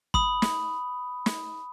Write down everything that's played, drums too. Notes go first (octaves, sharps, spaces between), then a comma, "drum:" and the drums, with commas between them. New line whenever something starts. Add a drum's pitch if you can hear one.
B5 D#6, drum: kick
drum: snare
drum: snare